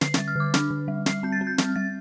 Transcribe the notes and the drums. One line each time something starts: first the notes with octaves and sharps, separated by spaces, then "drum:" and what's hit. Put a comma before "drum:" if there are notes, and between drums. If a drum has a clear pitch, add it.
D3 C7, drum: snare
G3 A6, drum: snare
F6
D3 D6
D4 F6, drum: snare
D3
G3
G3 C7, drum: snare
C4 G6
A6
C4
G6
G3 F6, drum: snare
G3 A6